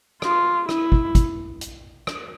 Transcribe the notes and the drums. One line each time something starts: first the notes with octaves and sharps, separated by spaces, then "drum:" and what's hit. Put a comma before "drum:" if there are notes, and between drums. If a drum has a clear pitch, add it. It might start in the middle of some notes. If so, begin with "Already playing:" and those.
F4, drum: rim click
E4, drum: rim click
drum: kick
drum: kick, hi-hat
drum: hi-hat
drum: rim click